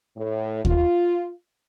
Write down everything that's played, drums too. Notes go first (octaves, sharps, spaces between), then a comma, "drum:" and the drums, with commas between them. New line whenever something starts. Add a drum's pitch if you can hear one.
A2
F4, drum: kick D#2